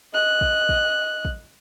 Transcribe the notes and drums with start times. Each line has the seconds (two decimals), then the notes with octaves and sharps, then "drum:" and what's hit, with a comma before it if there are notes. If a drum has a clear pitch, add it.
0.13 D#5 F#6
0.41 drum: kick
0.69 drum: kick
1.25 drum: kick